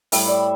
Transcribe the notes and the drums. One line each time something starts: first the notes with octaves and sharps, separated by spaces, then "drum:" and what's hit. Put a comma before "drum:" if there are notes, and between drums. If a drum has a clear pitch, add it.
A2 G3 E5, drum: open hi-hat
D5